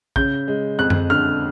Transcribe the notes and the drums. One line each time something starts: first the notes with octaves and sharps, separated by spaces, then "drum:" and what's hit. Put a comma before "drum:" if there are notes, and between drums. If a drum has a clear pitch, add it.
C#3 G6, drum: kick A#1
G#3
F2 F#6
drum: tom F#2
D3 F6